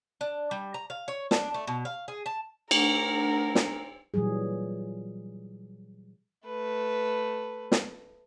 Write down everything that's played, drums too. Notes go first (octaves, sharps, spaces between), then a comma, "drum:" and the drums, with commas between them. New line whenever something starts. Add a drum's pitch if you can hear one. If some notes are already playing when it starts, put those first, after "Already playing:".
D4
G3
A#5
F5
C#5
D4, drum: snare
A3
B2
F5
G#4
A5
A3 D4 A#4 F#5, drum: cymbal
drum: snare
A#2 E3 F#3 G3 G#4
A3 B4
drum: snare